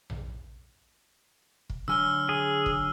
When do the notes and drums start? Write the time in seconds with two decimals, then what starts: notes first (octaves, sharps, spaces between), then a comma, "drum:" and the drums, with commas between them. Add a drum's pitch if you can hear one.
0.10 drum: tom A#1
1.70 drum: kick
1.88 D3 F#3 G#5 E6 F6 G7
2.29 G#4
2.66 drum: kick